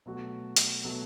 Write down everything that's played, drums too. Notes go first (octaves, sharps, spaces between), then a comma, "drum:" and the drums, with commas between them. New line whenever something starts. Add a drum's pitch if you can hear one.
B2 F#3 A3 F#4
drum: hi-hat
B2 F#3 A3 F#4